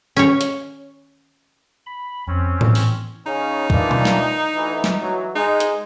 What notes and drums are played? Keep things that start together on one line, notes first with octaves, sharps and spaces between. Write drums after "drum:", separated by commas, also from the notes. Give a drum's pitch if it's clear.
C#4 C#5, drum: tambourine
drum: hi-hat
B5
F2 C4 C#4
E3, drum: tom A2
drum: open hi-hat
C#3 C#4 D#4
A#2 E3 D4, drum: kick
drum: tom B2
drum: snare
D2 E3
drum: snare
E3 F#3
G#3 D#4
drum: hi-hat